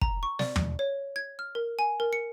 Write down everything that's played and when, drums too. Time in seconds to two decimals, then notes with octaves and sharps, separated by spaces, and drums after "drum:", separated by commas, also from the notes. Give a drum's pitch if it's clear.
0.02 A#5, drum: kick
0.23 C#6
0.39 D5, drum: snare
0.56 drum: tom
0.79 C#5
1.16 G#6
1.39 F6
1.55 A#4
1.79 G#5
2.00 A#4
2.13 C#7